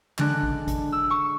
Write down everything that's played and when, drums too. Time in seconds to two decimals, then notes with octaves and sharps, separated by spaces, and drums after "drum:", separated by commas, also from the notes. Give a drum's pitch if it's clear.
0.18 D3 G#3 D4 F#6, drum: clap
0.43 drum: kick G#1
0.68 drum: kick G#1, hi-hat
0.92 E6
1.10 C#6